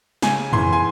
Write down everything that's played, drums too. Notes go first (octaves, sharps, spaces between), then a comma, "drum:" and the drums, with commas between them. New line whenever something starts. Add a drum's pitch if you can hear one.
C#3 G#5, drum: snare
E3 C6, drum: tom F2
G#5